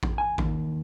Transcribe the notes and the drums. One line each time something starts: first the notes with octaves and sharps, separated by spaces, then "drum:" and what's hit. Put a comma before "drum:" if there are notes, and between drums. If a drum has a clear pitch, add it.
drum: kick A1
G#5
D#2, drum: kick A1